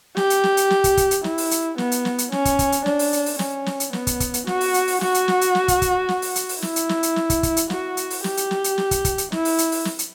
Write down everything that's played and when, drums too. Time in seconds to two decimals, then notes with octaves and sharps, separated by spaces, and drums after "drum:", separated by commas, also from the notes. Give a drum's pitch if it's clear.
0.17 G4, drum: snare
0.30 drum: hi-hat
0.44 drum: snare
0.57 drum: hi-hat
0.70 drum: snare
0.84 drum: kick, hi-hat
0.97 drum: kick, hi-hat
1.11 drum: hi-hat
1.24 E4, drum: snare
1.38 drum: open hi-hat
1.51 drum: hi-hat
1.78 B3, drum: snare
1.92 drum: hi-hat
2.05 drum: snare
2.18 drum: hi-hat
2.32 C#4, drum: snare
2.45 drum: kick, hi-hat
2.59 drum: kick, hi-hat
2.72 drum: hi-hat
2.86 D4, drum: snare
2.99 drum: open hi-hat
3.13 drum: hi-hat
3.26 drum: open hi-hat
3.39 C#4, drum: snare
3.66 drum: snare
3.80 drum: hi-hat
3.93 B3, drum: snare
4.07 drum: kick, hi-hat
4.20 drum: kick, hi-hat
4.34 drum: hi-hat
4.47 F#4, drum: snare
4.61 drum: open hi-hat
4.74 drum: hi-hat
4.87 drum: open hi-hat
5.01 F#4, drum: snare
5.14 drum: hi-hat
5.28 drum: snare
5.41 drum: hi-hat
5.55 drum: snare
5.68 drum: kick, hi-hat
5.82 drum: kick, hi-hat
6.09 drum: snare
6.22 drum: open hi-hat
6.35 drum: hi-hat
6.49 drum: open hi-hat
6.62 E4, drum: snare
6.76 drum: hi-hat
6.89 drum: snare
7.03 drum: hi-hat
7.16 drum: snare
7.30 drum: kick, hi-hat
7.43 drum: kick, hi-hat
7.57 drum: hi-hat
7.70 F#4, drum: snare
7.97 drum: hi-hat
8.10 drum: open hi-hat
8.24 G4, drum: snare
8.37 drum: hi-hat
8.51 drum: snare
8.64 drum: hi-hat
8.78 drum: snare
8.91 drum: kick, hi-hat
9.05 drum: kick, hi-hat
9.18 drum: hi-hat
9.32 E4, drum: snare
9.45 drum: open hi-hat
9.58 drum: hi-hat
9.72 drum: open hi-hat
9.85 drum: snare
9.99 drum: hi-hat